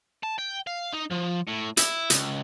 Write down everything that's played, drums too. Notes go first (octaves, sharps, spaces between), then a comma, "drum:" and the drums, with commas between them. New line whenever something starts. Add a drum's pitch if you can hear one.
A5
G5
F5
D#4
F3
A2
E4, drum: hi-hat
C#2, drum: hi-hat